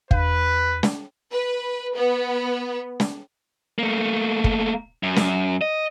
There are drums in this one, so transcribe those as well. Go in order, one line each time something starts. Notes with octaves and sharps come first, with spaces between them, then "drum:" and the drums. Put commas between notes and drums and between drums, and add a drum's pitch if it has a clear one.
E2 B4, drum: kick
drum: snare
B4
B3
drum: snare
A3 A#3
drum: kick
F#2
drum: snare
D#5